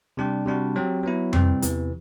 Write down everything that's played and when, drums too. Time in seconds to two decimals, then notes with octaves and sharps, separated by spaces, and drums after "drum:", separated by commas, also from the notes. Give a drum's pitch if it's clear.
0.17 C3 G3 D4 G4
0.46 C3 G3 D4 F#4
0.76 F#3 C4 G4
1.03 F#3 B3 E4
1.33 C3 E3 G3 C4, drum: tom F2
1.62 E2 C3 E3, drum: hi-hat